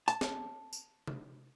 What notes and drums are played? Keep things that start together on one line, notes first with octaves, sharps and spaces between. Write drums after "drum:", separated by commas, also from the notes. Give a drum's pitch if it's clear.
A5, drum: hi-hat
drum: snare
drum: tambourine
drum: tom C3